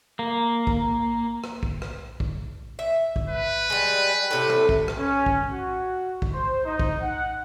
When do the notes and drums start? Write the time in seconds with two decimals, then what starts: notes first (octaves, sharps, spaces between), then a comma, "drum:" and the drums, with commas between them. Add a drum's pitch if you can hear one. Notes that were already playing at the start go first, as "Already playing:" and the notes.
0.19 A#3
0.67 drum: kick
1.44 drum: rim click
1.63 drum: kick
1.82 drum: rim click
2.20 drum: kick
2.79 E5
3.16 drum: kick
3.29 B4
3.70 G3 G#3
4.31 A2 C3 A4
4.50 drum: rim click
4.69 drum: kick
4.88 drum: rim click
4.98 C#4
5.26 drum: kick
5.50 F#4
6.22 drum: kick
6.33 C5
6.65 D#4
6.79 drum: kick
7.01 F#5